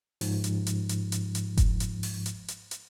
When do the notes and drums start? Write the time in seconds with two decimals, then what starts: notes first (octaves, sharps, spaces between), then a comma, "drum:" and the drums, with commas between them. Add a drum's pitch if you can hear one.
0.21 G#2 F3, drum: open hi-hat
0.44 drum: hi-hat
0.67 drum: hi-hat
0.89 drum: hi-hat
1.12 drum: hi-hat
1.35 drum: hi-hat
1.57 drum: kick F#1, hi-hat
1.80 drum: hi-hat
2.03 drum: open hi-hat
2.26 drum: hi-hat
2.48 drum: hi-hat
2.71 drum: hi-hat